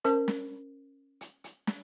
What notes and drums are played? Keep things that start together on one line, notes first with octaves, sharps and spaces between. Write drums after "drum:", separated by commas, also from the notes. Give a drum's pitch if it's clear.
C#4 A#4 C5, drum: hi-hat
drum: snare
drum: hi-hat
drum: hi-hat
drum: snare